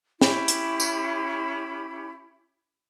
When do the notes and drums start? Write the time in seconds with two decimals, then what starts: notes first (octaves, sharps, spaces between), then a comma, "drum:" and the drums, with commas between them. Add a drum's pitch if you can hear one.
0.21 C#4 E4 G4 B5, drum: snare
0.48 drum: hi-hat
0.80 drum: tambourine